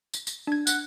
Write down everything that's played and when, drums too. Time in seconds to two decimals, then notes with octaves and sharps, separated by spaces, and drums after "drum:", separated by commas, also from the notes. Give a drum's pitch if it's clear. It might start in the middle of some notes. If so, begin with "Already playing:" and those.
0.14 drum: tambourine
0.27 drum: tambourine
0.47 D4 G#6
0.67 F#5, drum: tambourine